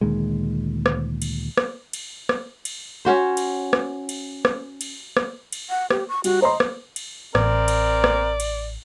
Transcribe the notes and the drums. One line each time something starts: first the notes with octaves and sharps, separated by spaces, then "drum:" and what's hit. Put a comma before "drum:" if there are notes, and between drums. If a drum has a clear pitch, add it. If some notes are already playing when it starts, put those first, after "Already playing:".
D2 A#2 D#3 G#3
drum: rim click
drum: cymbal
drum: rim click
drum: cymbal
drum: rim click
drum: cymbal
C#4 F#4 C5
drum: cymbal
drum: rim click
drum: cymbal
drum: rim click
drum: cymbal
drum: rim click
drum: cymbal
F#5
G4, drum: rim click
C#6
G3 F#4, drum: cymbal
C5 D#5 A#5 C6
drum: rim click
drum: cymbal
A1 C4 A#4 D5, drum: rim click
drum: cymbal
drum: rim click
drum: cymbal